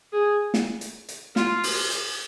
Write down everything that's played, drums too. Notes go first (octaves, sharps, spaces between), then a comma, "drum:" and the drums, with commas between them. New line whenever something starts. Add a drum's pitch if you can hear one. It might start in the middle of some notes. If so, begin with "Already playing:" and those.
G#4
drum: snare
drum: hi-hat
drum: hi-hat
F4, drum: snare
drum: open hi-hat
drum: hi-hat